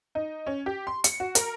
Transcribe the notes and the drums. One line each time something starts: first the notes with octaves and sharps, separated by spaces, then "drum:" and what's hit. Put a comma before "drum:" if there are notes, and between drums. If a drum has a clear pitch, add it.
D#4
C#4
G4
C6
C#7, drum: hi-hat
F#4
A#4, drum: hi-hat